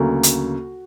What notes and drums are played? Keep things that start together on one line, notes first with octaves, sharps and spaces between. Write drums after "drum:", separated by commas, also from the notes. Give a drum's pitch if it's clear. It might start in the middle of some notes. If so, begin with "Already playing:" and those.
Already playing: D2 C#3 F#3 A#3 F#4
drum: hi-hat